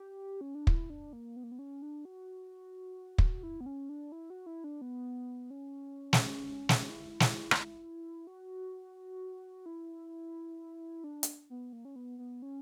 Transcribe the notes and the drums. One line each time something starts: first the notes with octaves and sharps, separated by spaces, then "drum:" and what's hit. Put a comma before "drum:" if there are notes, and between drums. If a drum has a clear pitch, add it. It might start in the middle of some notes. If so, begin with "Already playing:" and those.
Already playing: G4
C#4
D4
E4, drum: kick
D4
A#3
B3
A#3
B3
C#4
D4
F#4
drum: kick
E4
B3
C#4
D4
E4
F#4
E4
D4
B3
C#4
drum: snare
drum: snare
E4
drum: snare
drum: rim click
F#4
E4
D4
drum: hi-hat
B3
A#3
C#4
B3
B3
C#4